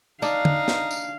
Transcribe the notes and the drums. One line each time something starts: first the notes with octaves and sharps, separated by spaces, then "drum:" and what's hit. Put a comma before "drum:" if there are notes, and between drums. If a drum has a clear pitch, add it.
D4 D#4 F5, drum: tambourine
drum: tom
drum: snare
drum: tambourine